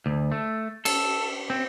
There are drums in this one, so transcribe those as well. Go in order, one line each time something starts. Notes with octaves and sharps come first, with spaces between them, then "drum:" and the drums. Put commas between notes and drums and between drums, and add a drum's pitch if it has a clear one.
D2
A3
A4, drum: cymbal
C4